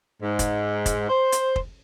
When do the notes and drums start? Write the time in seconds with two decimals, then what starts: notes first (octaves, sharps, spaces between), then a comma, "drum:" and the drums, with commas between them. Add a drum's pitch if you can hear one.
0.21 G#2
0.39 drum: kick, hi-hat
0.86 drum: kick, hi-hat
1.09 C5
1.32 drum: hi-hat
1.56 drum: kick